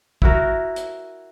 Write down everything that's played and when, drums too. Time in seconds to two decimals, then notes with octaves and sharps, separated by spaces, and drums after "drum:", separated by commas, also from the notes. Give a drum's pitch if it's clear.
0.22 E4 F#4 A#4, drum: kick
0.76 drum: hi-hat